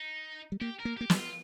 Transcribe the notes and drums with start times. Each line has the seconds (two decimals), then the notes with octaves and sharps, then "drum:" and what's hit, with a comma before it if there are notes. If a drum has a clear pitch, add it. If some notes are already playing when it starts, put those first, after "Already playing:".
Already playing: D#4
0.52 G3
0.61 A#3 G4
0.79 A#4
0.85 A#3
0.97 A#3 G4
1.10 G3, drum: snare
1.16 F4